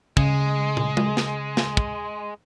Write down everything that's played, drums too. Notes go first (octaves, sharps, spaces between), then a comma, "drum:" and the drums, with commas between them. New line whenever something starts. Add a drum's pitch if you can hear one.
C#3 G#3, drum: kick
drum: tom
drum: tom G#3
drum: snare
drum: snare
drum: kick